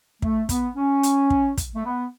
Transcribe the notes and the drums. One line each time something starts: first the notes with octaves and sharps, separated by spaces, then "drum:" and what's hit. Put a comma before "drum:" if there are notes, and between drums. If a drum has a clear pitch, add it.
A3, drum: kick
B3, drum: kick, hi-hat
C#4
drum: hi-hat
drum: kick
drum: kick, hi-hat
A3
B3